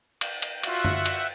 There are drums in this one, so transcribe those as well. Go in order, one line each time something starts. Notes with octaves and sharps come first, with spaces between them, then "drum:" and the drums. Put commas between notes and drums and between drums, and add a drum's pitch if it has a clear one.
drum: cymbal
drum: cymbal
F4 F#4 E5 F#5, drum: cymbal
drum: tom F#2
drum: cymbal